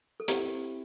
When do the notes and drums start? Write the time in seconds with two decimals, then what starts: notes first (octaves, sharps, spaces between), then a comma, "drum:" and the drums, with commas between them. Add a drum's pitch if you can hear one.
0.20 A4
0.28 C4 E4 G4, drum: hi-hat